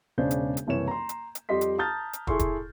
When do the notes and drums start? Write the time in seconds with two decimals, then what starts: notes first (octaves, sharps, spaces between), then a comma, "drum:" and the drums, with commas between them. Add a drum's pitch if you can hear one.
0.18 E1 C#3 D4 C5 G6
0.31 drum: hi-hat
0.57 drum: hi-hat
0.67 F#1 C2 E3 C#5 E7
0.88 A#5 C6
1.09 drum: hi-hat
1.35 drum: hi-hat
1.49 F2 G3 G4 D#5 C6 B6
1.61 drum: hi-hat
1.78 A5 A#5 D#6 F6 G6 A6
2.13 drum: hi-hat
2.27 E4 G#4 A4 C6 C#6, drum: kick
2.39 drum: kick, hi-hat